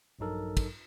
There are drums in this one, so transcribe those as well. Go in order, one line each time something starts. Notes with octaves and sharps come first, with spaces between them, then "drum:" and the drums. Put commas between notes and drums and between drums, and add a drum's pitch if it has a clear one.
A#1 G2 F#3 D#4 A4 A#4
drum: kick, cymbal